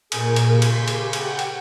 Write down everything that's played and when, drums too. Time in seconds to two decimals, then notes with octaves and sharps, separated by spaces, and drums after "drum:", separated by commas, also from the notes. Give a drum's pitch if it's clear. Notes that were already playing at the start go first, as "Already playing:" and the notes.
0.12 A#2 A#3 G#4, drum: cymbal
0.36 drum: cymbal
0.52 C#3 G4 C6 B6
0.62 drum: cymbal
0.88 drum: cymbal
1.13 F#5 G5, drum: cymbal
1.39 drum: cymbal